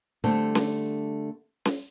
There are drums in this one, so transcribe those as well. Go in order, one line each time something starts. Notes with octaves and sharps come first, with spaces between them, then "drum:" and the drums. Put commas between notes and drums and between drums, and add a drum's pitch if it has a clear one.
D3 G3 A3 C4 G4 A4
drum: snare C#4
drum: snare C#4